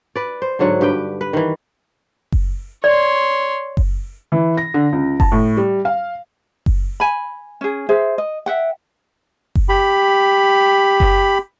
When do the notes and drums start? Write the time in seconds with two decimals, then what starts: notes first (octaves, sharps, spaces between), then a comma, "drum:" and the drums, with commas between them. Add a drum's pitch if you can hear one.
0.16 B4 D5
0.42 C5
0.59 G#2 D3 F#3 F#5
0.81 G2 G4 B4 G5
1.21 B4
1.33 D#3 E3
2.32 drum: kick F#1
2.84 C#5 D5 C6
3.77 drum: kick F#1
4.32 E3
4.57 A#6
4.74 D3
4.92 C#2
5.20 A5, drum: kick F#1
5.32 A2
5.57 G3
5.85 F5
6.66 drum: kick F#1
7.00 G#5 B5
7.61 C#4 G#4
7.89 G#4 C5 E5
8.18 D#5
8.46 E5 F#5 G5
9.55 drum: kick F#1
9.69 G4 B5
11.00 drum: kick F#1